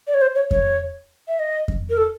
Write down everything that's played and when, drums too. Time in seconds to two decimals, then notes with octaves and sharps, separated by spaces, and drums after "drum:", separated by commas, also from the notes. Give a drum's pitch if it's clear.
0.07 D5
0.14 C#5
0.21 C5
0.35 C#5
0.51 C#5, drum: kick F2
1.28 E5
1.39 D#5
1.68 drum: kick F2
1.90 A#4
1.97 A4